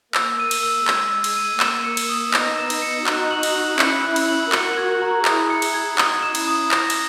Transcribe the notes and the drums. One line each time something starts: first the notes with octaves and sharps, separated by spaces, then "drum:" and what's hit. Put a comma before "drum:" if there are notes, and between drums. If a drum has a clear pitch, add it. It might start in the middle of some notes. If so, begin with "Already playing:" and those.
A#3 E6, drum: clap
D#7
drum: cymbal
E6
G#3 G#6, drum: clap
E6
drum: cymbal
D#7
A#3 E7, drum: clap
C#7
drum: cymbal
D#6
B3 D#4 A#6, drum: clap
E7
drum: cymbal
C#7
D#4 F#4 F#6, drum: clap
F#7
drum: cymbal
F#6
C#4 E4 C#7, drum: clap
F#6
drum: cymbal
F#7
F#4 A#4 C#7, drum: clap
G#6
A#5
E4 G#4 D#6, drum: clap
C#7
drum: cymbal
G#6
D#4 F#4 D#6, drum: clap
E7
C#4 E4, drum: cymbal
D#6
C#4 A#6, drum: clap
drum: cymbal